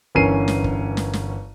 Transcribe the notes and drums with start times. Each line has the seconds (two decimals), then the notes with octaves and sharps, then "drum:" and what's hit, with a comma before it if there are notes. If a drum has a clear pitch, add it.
0.15 G1 E3 C#4 A#4 C7 D#7
0.48 drum: snare
0.64 drum: kick
0.97 drum: snare
1.13 drum: snare